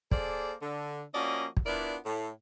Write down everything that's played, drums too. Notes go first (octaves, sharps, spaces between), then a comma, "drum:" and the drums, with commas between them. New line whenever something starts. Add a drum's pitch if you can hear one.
A#3 G#4 A4 C5 D5, drum: kick
D3
F3 A#3 C#4 F#4 D5 D#5
drum: kick
B3 D4 E4 F4 A#4 D5
A2